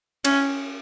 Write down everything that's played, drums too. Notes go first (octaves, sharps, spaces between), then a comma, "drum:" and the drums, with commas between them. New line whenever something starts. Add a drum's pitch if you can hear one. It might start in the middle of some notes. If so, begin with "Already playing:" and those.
C#4, drum: cymbal